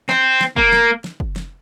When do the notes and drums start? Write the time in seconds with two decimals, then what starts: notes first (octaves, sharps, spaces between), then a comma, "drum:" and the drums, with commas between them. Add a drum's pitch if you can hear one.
0.09 C4, drum: snare
0.41 drum: snare
0.56 A#3, drum: kick
0.72 drum: snare
1.04 drum: snare
1.20 drum: kick
1.36 drum: snare